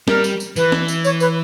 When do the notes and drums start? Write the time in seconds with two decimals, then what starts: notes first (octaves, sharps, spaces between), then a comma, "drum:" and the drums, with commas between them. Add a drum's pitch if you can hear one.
0.08 G3 A#4, drum: snare
0.24 drum: tambourine
0.40 drum: tambourine
0.56 E3 B4, drum: tambourine
0.72 drum: snare
0.88 drum: tambourine
1.04 C#5, drum: tambourine
1.20 B4, drum: tambourine